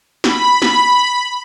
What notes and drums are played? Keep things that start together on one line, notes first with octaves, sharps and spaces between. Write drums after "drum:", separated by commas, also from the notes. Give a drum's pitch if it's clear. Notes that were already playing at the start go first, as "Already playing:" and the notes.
B5, drum: snare
drum: snare